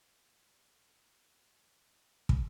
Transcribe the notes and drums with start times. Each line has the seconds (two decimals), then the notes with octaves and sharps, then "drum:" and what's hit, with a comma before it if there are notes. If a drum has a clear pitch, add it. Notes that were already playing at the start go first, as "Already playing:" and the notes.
0.08 F4
0.40 G4
0.52 F#4
0.81 F#4
1.11 G4
2.29 drum: kick